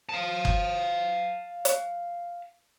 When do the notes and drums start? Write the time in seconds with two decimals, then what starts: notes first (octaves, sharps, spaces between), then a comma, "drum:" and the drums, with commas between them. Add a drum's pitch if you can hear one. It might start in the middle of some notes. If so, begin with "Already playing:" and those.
0.09 F5 A5
0.45 drum: kick F#1
1.65 drum: hi-hat